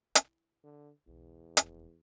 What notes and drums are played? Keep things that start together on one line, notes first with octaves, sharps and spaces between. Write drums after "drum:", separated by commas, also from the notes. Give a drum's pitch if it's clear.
E4, drum: hi-hat
D3
B1 E2
F1 F2, drum: hi-hat